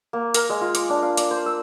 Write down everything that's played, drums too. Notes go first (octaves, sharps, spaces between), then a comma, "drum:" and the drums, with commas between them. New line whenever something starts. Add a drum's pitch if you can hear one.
A#3
A#4, drum: hi-hat
G#3
F4
D6, drum: hi-hat
D4
F5
D5, drum: hi-hat
C5
E6